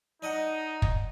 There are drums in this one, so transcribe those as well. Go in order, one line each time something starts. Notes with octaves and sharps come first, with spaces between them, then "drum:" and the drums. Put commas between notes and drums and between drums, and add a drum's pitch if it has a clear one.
D4 D#4 D#5 F#5
drum: kick